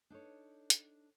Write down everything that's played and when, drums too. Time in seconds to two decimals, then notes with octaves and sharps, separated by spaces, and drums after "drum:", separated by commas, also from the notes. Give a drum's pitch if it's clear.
0.10 D4 D#4 A4 C#5
0.70 drum: hi-hat